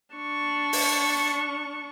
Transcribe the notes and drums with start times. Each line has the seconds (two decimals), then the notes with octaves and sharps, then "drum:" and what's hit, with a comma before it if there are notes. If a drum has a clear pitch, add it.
0.15 D4 C#6
0.73 drum: open hi-hat